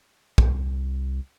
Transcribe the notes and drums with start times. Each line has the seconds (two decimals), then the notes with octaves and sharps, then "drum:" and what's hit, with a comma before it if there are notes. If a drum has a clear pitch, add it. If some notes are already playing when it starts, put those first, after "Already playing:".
0.38 C2, drum: kick